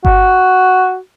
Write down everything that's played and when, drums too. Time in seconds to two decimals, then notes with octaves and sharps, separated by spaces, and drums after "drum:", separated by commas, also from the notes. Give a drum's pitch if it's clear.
0.05 F#4, drum: kick G1